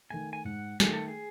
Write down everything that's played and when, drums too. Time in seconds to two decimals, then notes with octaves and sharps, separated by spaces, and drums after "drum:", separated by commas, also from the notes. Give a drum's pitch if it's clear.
0.10 D#3 A3 G#5
0.33 G#5
0.45 G#2 F#5
0.80 D#3 A3 G#4, drum: snare
0.93 A4
1.08 G#4